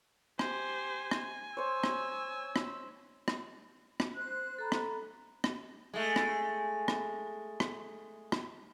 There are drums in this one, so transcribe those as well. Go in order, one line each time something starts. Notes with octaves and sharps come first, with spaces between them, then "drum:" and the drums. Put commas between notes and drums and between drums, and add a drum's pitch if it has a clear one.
G4 C5 G#5, drum: rim click
drum: rim click
C5 C#5 E6
drum: rim click
drum: rim click
drum: rim click
drum: rim click
C5 F#6
A4 A#5 B5
drum: rim click
drum: rim click
G#3 A3
drum: rim click
drum: rim click
drum: rim click
drum: rim click